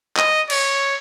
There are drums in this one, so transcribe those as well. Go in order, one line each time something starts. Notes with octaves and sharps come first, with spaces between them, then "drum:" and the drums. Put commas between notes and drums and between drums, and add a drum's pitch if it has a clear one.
D#5, drum: clap
C#5, drum: cymbal